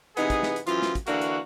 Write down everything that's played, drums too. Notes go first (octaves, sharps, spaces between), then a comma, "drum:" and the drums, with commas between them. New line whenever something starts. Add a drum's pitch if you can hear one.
C3 E3 B3 D#4 G#4, drum: hi-hat
drum: kick, hi-hat
drum: snare
drum: hi-hat
F#2 E3 F3 F4, drum: hi-hat
drum: snare
drum: kick, hi-hat
D3 E3 A#3 D4 F#4, drum: hi-hat
drum: hi-hat